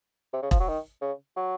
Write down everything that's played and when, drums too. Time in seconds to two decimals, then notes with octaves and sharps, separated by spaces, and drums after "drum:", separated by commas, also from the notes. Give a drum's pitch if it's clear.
0.33 C3
0.42 C#3
0.51 F3, drum: kick E1
0.60 F#3
0.68 D#3
1.01 C#3
1.36 F#3